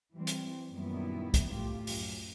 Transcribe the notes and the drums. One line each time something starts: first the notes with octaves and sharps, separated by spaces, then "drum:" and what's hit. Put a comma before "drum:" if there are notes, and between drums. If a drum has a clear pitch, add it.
E3 G3 C4
drum: hi-hat
F#2 A#2 D#3 G3 B3 E4
drum: kick, hi-hat
A2 F4 G4
F#2, drum: open hi-hat